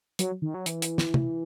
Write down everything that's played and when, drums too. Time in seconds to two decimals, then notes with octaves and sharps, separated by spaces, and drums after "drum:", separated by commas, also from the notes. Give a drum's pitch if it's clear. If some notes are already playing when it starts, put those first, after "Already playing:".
0.19 F#3, drum: hi-hat
0.42 D#3
0.54 F#3
0.66 E3, drum: hi-hat
0.82 drum: hi-hat
0.98 drum: snare
1.14 drum: tom